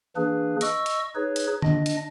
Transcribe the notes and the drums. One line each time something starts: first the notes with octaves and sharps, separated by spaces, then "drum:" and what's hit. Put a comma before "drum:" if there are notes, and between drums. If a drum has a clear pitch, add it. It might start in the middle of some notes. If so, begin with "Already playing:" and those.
E3 A#3 D4 G#4 B4
D#5 C#6 E6, drum: hi-hat
drum: hi-hat
D#4 G#4 B4 C#5
drum: hi-hat
D4 D#5, drum: tom D3
drum: hi-hat